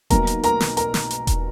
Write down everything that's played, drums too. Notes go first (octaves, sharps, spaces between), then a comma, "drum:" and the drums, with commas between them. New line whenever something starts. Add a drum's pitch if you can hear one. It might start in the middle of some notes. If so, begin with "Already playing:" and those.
B1 B2 A#3 D#4 A#4 A#5, drum: kick E1, hi-hat
drum: hi-hat
A#4 A#5, drum: hi-hat
drum: snare
A#4 A#5, drum: hi-hat
drum: snare
drum: hi-hat
drum: kick E1, hi-hat